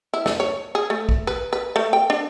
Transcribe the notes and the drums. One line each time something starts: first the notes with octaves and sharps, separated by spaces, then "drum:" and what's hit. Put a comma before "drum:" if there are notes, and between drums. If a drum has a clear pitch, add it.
E4
D3, drum: snare
C#5
G#4
A3
drum: kick
B4
B4
A3
G5
D4